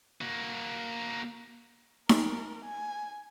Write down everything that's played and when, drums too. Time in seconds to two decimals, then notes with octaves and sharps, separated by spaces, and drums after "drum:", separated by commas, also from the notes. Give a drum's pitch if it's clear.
0.21 A#3 F#4
2.09 A#4, drum: snare D#4
2.65 G#5